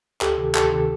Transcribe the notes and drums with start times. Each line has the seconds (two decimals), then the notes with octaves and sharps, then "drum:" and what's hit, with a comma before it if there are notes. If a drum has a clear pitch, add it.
0.21 D2 G4 A4, drum: clap
0.38 C3 D#3
0.55 D2 G4 A4, drum: clap
0.72 C3 D#3